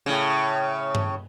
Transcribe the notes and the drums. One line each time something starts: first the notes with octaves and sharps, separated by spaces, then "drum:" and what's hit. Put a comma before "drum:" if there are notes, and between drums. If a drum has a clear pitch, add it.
A2 C#3
drum: tom G2